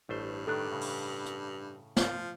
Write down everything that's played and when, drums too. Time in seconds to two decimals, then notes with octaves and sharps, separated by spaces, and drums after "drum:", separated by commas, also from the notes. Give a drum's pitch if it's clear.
0.09 A1 G2 A3 C5
0.47 A2 D#3 D4 A4 F#6
0.71 A2 C#3
0.81 drum: open hi-hat
1.26 drum: hi-hat
1.97 F3, drum: snare